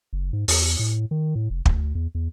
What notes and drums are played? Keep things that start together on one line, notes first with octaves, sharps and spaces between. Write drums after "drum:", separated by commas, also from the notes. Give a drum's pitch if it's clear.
F#1
G#2
E2, drum: open hi-hat
A2
D#3
A2
F1
D2, drum: kick
E2
E2